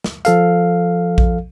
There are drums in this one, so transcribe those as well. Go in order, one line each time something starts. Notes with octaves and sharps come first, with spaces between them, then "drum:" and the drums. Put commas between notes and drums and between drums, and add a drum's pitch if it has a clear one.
drum: snare
F3 A4 F5, drum: hi-hat
drum: kick A#1